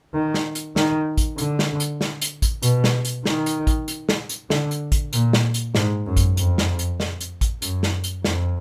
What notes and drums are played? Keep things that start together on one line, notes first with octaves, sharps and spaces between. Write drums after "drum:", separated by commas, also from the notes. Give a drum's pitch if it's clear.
D#3
drum: snare
drum: hi-hat
D#3, drum: snare
drum: kick A1, hi-hat
D3, drum: hi-hat
drum: snare
drum: hi-hat
drum: snare
drum: hi-hat
drum: kick A1, hi-hat
B2, drum: hi-hat
drum: snare
drum: hi-hat
D#3, drum: snare
drum: hi-hat
drum: kick A1, hi-hat
drum: hi-hat
drum: snare
drum: hi-hat
D3, drum: snare
drum: hi-hat
drum: kick A1, hi-hat
A#2, drum: hi-hat
drum: snare
drum: hi-hat
G#2, drum: snare
F#2
drum: kick A1, hi-hat
F2, drum: hi-hat
drum: snare
drum: hi-hat
drum: snare
drum: hi-hat
drum: kick A1, hi-hat
F#2, drum: hi-hat
drum: snare
drum: hi-hat
F2, drum: snare